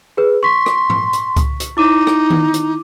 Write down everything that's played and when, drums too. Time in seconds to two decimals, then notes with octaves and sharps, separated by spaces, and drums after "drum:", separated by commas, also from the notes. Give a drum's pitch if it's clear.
0.17 G#4 B4
0.43 C6 C#6 B6
0.66 drum: rim click
0.90 drum: tom G#2
1.13 drum: hi-hat
1.36 drum: kick C#2, hi-hat
1.60 drum: hi-hat
1.77 D#4 E4 D6 D#7
2.07 drum: rim click
2.30 drum: tom D#3
2.54 drum: hi-hat